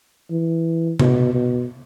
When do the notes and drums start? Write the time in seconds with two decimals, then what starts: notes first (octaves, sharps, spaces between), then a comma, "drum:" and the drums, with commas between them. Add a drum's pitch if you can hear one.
0.31 E3
1.00 B2, drum: tom C3
1.34 B2